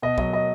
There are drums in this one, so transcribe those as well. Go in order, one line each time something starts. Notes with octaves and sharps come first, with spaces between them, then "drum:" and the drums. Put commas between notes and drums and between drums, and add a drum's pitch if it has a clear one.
B2 D#5
F#3 D#5, drum: kick B1
D#5